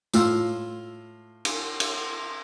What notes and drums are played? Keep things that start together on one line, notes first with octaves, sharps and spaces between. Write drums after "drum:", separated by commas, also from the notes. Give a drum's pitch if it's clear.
A2 F4 E6, drum: tambourine
drum: cymbal
drum: cymbal